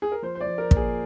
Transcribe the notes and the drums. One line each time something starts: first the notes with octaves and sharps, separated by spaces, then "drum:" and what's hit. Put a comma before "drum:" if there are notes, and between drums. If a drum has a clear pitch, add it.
G#4
A#4
F3 C5
C5
D5
F3
A#4
A#2, drum: kick
G#4